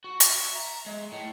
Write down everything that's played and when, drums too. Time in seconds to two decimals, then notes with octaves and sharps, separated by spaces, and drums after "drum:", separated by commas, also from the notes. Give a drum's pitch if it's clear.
0.04 F#4
0.20 drum: hi-hat
0.30 E5
0.56 A#5
0.86 G#3
1.12 A2